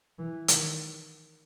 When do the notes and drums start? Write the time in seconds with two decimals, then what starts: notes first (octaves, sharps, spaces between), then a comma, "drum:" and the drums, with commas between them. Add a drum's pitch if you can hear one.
0.19 E3
0.48 D#3, drum: hi-hat